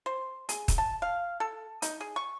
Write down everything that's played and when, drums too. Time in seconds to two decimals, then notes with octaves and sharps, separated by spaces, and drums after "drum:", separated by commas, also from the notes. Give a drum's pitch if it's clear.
0.06 C5
0.49 G#4, drum: hi-hat
0.68 drum: kick, hi-hat
0.78 A5
1.02 F5
1.40 A4
1.82 D#4, drum: hi-hat
2.01 G#4
2.16 C#6